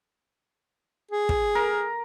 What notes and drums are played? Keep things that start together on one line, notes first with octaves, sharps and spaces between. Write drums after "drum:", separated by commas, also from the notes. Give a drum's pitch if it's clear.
G#4
drum: kick
A#4